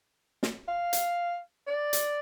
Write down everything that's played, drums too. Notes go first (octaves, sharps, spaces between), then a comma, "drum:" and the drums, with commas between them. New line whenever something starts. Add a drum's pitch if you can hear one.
drum: snare
F5
drum: hi-hat
D5
drum: hi-hat